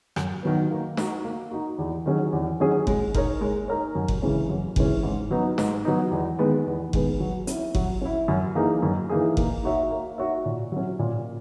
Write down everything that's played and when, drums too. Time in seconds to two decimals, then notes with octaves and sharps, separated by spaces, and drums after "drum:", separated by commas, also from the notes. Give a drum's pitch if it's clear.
0.16 F#2, drum: rim click
0.43 D#3 F#3 B3
0.71 A#3
0.97 D#4 F#4, drum: snare
1.24 A#3
1.51 D#4 F#4
1.78 E2
2.06 D#3 F#3 C#4 G#4
2.33 E2
2.60 D#3 F#3 C#4 G#4
2.87 G#3, drum: kick F#1
3.14 D#4 A#4 C#5, drum: kick F#1
3.41 G#3
3.68 D#4 A#4 C#5
3.95 F#2
4.08 drum: kick F#1
4.22 C#3 E3 G#3 C#4
4.49 F#2
4.76 C#3 E3 G#3 C#4, drum: kick F#1
5.03 G#2
5.31 F#3 B3 D#4
5.58 G#2, drum: snare
5.85 F#3 B3 D#4
6.11 E2
6.39 D#3 G#3 B3
6.66 E2
6.93 D#3 G#3 B3, drum: kick F#1
7.20 F#3
7.47 C#4 E4, drum: hi-hat
7.75 F#3, drum: kick F#1
8.01 C#4 E4
8.28 F#2
8.55 E3 A#3 D#4 G#4
8.82 F#2
9.09 E3 A#3 D#4 G#4
9.37 A#3, drum: kick F#1
9.63 D#4 F#4 C#5 E5
9.91 A#3
10.18 D#4 F#4 C#5 E5
10.45 A#2
10.72 F#3 C#4
10.99 A#2